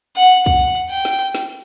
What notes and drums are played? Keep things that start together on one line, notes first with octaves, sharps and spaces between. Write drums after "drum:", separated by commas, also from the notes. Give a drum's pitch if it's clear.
F#5
F#5, drum: kick
G5
drum: snare
drum: snare